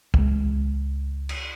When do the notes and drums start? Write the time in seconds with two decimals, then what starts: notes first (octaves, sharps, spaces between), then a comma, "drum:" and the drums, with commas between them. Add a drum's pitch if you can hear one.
0.14 C#2 G#3, drum: kick
1.29 drum: cymbal